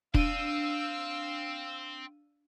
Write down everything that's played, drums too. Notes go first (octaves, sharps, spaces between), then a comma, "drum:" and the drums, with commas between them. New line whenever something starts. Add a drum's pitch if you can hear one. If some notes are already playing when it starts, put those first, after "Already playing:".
C4 D4 F5 E6 D#7, drum: kick